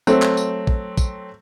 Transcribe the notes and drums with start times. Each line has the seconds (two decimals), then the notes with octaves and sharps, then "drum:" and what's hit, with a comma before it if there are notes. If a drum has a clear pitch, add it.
0.07 F#3 A3 C4, drum: tambourine
0.22 drum: clap
0.37 drum: tambourine
0.67 drum: kick
0.98 drum: kick, tambourine